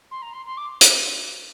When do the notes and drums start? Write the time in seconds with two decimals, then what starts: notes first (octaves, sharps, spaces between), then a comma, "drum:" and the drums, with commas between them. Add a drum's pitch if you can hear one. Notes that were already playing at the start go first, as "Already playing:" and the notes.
0.11 C6
0.22 A#5
0.33 C6
0.46 C6
0.57 D6
0.81 drum: hi-hat